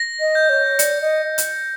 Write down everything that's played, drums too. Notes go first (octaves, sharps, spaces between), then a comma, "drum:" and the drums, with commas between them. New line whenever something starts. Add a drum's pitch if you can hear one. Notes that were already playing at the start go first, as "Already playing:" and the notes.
Already playing: A#6
D#5
G6
C#5
D5 C#7, drum: hi-hat
D#5
drum: hi-hat